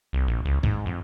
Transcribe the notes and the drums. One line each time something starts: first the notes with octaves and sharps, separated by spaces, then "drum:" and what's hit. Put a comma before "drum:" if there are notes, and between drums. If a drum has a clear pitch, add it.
C2
A#1
C#2
G#2, drum: kick
F2